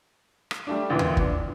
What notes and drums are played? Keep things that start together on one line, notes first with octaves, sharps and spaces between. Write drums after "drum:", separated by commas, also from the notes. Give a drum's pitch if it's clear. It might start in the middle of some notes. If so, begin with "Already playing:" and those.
drum: rim click
G3 A3 D4
A1 D2 A#2 E3
drum: tom D#2
B3 D4, drum: kick